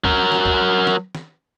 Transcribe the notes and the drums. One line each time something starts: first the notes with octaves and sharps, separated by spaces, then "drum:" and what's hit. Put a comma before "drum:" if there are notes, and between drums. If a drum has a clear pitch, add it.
F#3 A#4, drum: kick
drum: snare
drum: kick
drum: snare
drum: snare